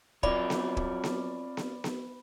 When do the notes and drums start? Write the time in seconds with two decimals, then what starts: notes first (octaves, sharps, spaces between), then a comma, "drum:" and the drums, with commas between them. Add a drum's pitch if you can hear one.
0.23 F#3 C4 F4 C#5 D5 B5, drum: kick
0.50 drum: snare B3
0.77 drum: kick
1.04 drum: snare B3
1.57 drum: snare B3
1.84 drum: snare B3